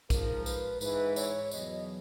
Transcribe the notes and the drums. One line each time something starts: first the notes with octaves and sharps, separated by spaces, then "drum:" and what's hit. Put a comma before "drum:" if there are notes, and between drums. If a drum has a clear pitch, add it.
G#2 F3 A#4, drum: kick, tambourine
B4, drum: tambourine
G#2 E3 B4, drum: tambourine
C#5, drum: tambourine
E2 B2 F#3 D#5, drum: tambourine